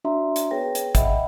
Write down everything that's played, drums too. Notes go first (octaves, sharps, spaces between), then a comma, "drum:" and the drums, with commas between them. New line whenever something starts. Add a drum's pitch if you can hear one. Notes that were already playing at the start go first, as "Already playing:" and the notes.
D4 F#4 E5 A#5 C6
drum: hi-hat
B3 G#4 B4 C#5 G5 A#6
drum: hi-hat
D#5 E5 F#5 G5 B5, drum: kick, hi-hat